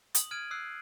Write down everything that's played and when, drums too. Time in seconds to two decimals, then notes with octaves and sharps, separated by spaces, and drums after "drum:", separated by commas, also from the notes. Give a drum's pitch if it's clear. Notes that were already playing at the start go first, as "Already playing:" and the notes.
0.15 D#6 F#7, drum: hi-hat
0.31 F6 G#6 D7 D#7
0.51 D#6 E6 F#6 C7